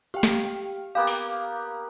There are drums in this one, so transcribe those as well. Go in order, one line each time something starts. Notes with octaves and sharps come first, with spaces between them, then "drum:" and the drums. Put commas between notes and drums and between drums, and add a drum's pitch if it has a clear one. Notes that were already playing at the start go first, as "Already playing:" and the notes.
G4 F5 G5
drum: snare
A#3 B3 G4 F5
drum: open hi-hat